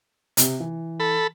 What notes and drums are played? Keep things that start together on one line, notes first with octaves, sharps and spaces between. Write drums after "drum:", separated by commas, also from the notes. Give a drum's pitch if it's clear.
C3, drum: hi-hat
E3
A4 B5